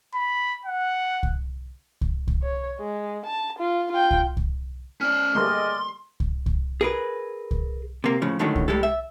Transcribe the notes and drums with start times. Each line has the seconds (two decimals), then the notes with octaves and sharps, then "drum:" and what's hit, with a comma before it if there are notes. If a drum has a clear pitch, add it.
0.15 B5
0.65 F#5
1.23 drum: kick C2
2.01 drum: kick C2
2.28 drum: kick C2
2.42 C#5
2.79 G#3
3.25 A5
3.58 F4
3.92 F4 G5
4.11 drum: kick C2
4.37 drum: kick C2
5.01 C#4 D5 F6
5.35 G3 A3 A#3 G#4 D5 D#5 C6
6.20 drum: kick C2
6.46 drum: kick C2
6.81 G#4 A#4 B4
7.51 drum: kick C2
8.04 C3 A#3
8.22 A2 C#3 F3
8.39 F#2 A2 D3 D#3 F#3 G#3
8.55 drum: kick C2
8.68 A2 G3 G#3 G4 A4
8.83 E5